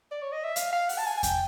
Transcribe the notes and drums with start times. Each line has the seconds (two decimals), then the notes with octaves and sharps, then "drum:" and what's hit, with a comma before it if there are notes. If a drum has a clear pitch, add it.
0.11 D5
0.22 C#5
0.32 D#5
0.44 E5
0.56 F5, drum: hi-hat
0.72 F5
0.89 F#5, drum: open hi-hat
0.98 A5
1.06 G#5
1.17 G#5
1.23 G5, drum: kick E2, hi-hat